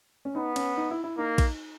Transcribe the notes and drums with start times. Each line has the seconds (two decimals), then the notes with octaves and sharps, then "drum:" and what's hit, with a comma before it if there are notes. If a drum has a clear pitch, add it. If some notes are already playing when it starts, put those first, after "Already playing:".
0.25 C#4
0.35 B3 D#4
0.56 C#4, drum: cymbal
0.77 D#4
0.91 E4
1.04 E4
1.18 A#3 D#4
1.38 drum: kick A#1, cymbal